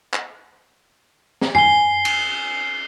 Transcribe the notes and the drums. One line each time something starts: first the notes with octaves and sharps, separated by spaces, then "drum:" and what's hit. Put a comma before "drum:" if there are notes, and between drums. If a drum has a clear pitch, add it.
drum: clap
drum: snare
G#5 C7 G7, drum: tom F#2
drum: cymbal